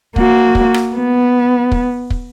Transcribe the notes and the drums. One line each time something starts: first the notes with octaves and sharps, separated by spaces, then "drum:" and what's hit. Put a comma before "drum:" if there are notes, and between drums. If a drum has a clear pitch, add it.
A#3 F#4, drum: kick
drum: kick
drum: rim click
B3
drum: kick
drum: kick